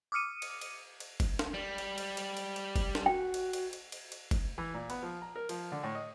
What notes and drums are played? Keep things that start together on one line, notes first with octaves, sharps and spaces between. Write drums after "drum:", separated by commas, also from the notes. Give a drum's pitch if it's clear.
D6 D#6 F6 C#7 D#7
drum: cymbal
drum: cymbal
drum: cymbal
drum: kick F#1, cymbal
drum: snare
G3
drum: cymbal
drum: cymbal
drum: cymbal
drum: cymbal
drum: cymbal
drum: kick F#1, cymbal
drum: snare
F#4 G5
drum: cymbal
drum: cymbal
drum: cymbal
drum: cymbal
drum: cymbal
drum: kick F#1, cymbal
E3
A#2
B3, drum: cymbal
F3
A#5
A#4
F3, drum: cymbal
D3
A2
D#5